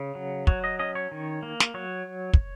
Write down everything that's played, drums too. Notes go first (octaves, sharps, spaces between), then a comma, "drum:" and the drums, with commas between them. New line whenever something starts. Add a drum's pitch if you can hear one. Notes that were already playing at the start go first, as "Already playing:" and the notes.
Already playing: C#3
F#3
F#3 C#5, drum: kick
D#5
C#4 D#5
C#5
D#3
A#3
drum: snare
F#3 C#5
drum: kick